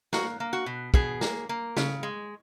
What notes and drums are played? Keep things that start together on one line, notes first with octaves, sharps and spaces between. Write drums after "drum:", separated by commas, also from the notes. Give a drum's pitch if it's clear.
A#3 F#4, drum: snare
A#3
F#4
B2
B2 G#4, drum: kick
A#3, drum: snare
A#3
C#3, drum: snare
G#3